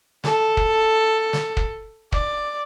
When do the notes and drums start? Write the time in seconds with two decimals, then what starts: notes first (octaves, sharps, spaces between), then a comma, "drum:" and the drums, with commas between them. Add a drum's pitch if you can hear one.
0.24 A4, drum: snare
0.57 drum: kick
1.33 drum: snare
1.57 drum: kick
2.12 D5, drum: kick